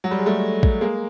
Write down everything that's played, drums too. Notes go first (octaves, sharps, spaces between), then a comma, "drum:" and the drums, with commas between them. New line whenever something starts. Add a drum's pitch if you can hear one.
F#3
G3
G#3
G3 A3
drum: kick
G#3 A#3